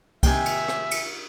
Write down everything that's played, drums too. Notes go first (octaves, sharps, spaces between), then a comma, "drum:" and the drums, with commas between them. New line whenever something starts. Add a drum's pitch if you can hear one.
D#2 C3 D#3 E5 G5 G#5, drum: kick C2, cymbal
drum: cymbal
drum: rim click
drum: cymbal